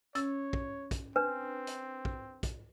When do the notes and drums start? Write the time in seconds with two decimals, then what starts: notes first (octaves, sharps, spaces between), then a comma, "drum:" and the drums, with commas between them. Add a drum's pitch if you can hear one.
0.15 C#4 C#5 E6 A6, drum: hi-hat
0.53 drum: kick
0.91 drum: kick, hi-hat
1.16 C4 D4 B4
1.67 drum: hi-hat
2.05 drum: kick
2.43 drum: kick, hi-hat